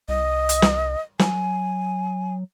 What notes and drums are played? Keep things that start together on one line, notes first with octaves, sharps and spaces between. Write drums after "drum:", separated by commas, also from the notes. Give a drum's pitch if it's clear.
C2 D#5
drum: hi-hat
drum: snare
F#3 G#5, drum: snare